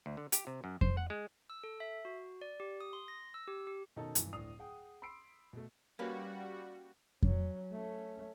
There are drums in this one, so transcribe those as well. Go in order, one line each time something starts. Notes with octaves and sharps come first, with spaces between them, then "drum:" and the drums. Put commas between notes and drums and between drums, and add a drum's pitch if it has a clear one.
D2
D3
G4, drum: hi-hat
C3
F#2
C5, drum: kick F2
F#5
G#3
E6
A4
E5
F#4
D5
G4
D#6
C6
A#6
E6
G4
G4
B2 D#3 C#4 D#4 A4
G#1 G2 E3, drum: hi-hat
D1 A2 D4 D#6 C7 F7
G#4 F#5 G5
B5 C6 E6 C7 D7
B2 A3
G3 A#3 C#4 F#4 B4
F#3 C#4, drum: kick F2
A3 C#4